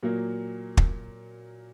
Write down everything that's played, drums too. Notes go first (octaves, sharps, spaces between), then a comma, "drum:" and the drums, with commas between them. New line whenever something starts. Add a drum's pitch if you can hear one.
A#2 F#3 A#3
drum: kick